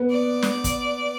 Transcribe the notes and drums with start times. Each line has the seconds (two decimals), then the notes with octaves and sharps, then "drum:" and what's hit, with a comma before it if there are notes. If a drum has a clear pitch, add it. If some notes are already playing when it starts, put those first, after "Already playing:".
Already playing: B3
0.10 D5
0.42 drum: snare
0.64 drum: kick, hi-hat